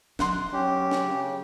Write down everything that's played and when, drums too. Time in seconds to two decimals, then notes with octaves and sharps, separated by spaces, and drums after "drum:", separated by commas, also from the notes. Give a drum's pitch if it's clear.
0.19 F#3 D#4 F#5 C6, drum: snare
0.53 C#4 G4
0.91 drum: snare
1.05 C#3